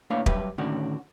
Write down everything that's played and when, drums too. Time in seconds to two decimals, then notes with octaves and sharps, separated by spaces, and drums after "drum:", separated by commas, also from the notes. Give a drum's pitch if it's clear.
0.10 A2 A#3 D4 B4 C#5 F5
0.26 F#3 G3 G4 B4 E5, drum: kick
0.58 A2 D3 D#3 C#4 D4 F#4